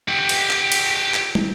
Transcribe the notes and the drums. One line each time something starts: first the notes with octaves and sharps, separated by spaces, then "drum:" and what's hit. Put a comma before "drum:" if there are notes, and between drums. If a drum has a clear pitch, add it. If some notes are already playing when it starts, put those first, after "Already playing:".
G4 F#5
drum: cymbal
drum: clap
drum: cymbal
drum: clap
drum: tom